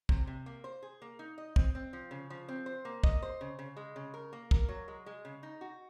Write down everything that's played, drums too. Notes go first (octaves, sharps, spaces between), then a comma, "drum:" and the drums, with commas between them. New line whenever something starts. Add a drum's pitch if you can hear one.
C3, drum: kick
C3
A#3
C5
G#4
A#3
D#4
D#5
C4, drum: kick
C4
F3
C#3
F3
C4
C5
A#3
D#5, drum: kick
C5
C#3
C#3
G#3
C#3
A#4
A#3
A#4, drum: kick
F#3
G#3
G#3
C#3
D#4
F#4